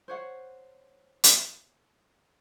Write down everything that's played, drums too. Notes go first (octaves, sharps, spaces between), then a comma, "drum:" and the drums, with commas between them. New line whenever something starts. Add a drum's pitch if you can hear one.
C5 C#5 F#5
drum: hi-hat